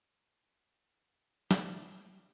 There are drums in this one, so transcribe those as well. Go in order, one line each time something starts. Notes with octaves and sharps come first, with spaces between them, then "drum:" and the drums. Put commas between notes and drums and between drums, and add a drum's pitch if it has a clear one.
C5 C#5 E5, drum: snare